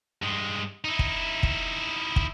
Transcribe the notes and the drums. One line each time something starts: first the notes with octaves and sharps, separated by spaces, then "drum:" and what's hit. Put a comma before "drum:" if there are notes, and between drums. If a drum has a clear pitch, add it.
G2 G#3
D#4 E4
drum: kick
drum: kick
drum: kick